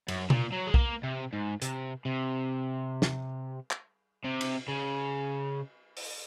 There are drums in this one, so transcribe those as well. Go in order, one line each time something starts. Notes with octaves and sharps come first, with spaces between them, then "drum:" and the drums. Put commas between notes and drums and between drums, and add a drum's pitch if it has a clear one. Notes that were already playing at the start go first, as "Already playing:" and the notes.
F#2, drum: cymbal
A#2, drum: tom B2
F#3
G#3
A#3, drum: kick B1
C3
G#2
C3, drum: hi-hat
C3
drum: snare
drum: clap
C3
drum: cymbal
C#3
drum: open hi-hat